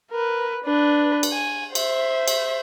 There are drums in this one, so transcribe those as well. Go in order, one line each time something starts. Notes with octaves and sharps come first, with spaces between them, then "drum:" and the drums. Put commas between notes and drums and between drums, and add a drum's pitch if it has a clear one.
A#4 B4
D4 B4
drum: cymbal
G#5
C5 E5, drum: cymbal
drum: cymbal